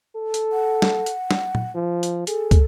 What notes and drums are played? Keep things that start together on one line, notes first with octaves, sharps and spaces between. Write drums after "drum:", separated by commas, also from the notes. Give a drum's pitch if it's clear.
A4
drum: hi-hat
F#5
drum: snare
drum: hi-hat
drum: snare
drum: tom A#2
F3
drum: hi-hat
G#4 A4, drum: hi-hat
drum: kick, hi-hat